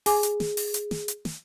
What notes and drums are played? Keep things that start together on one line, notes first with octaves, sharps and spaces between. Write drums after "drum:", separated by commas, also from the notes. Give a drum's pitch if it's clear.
G#4 G#5 D6, drum: open hi-hat
drum: hi-hat
drum: snare
drum: open hi-hat
drum: hi-hat
drum: snare
drum: hi-hat
drum: snare